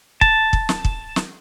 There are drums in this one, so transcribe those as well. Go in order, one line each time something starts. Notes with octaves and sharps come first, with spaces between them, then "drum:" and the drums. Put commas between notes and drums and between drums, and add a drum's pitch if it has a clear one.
A5, drum: kick
drum: kick
drum: snare
drum: kick
drum: snare